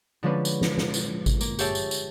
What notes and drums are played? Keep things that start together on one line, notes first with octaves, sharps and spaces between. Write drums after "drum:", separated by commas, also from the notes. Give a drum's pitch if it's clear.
D3 F3 G#3 C#4 D4 B4
drum: tambourine
drum: snare
drum: snare
drum: tambourine
drum: kick G#1, tambourine
A#3, drum: tambourine
G4 G#4 C#5 E5 G5 A5, drum: tambourine
drum: tambourine
drum: tambourine